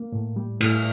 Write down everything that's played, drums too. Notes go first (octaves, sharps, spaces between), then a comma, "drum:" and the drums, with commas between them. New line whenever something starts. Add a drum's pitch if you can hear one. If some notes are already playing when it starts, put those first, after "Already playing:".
Already playing: A#3
A2
G3
A2, drum: cymbal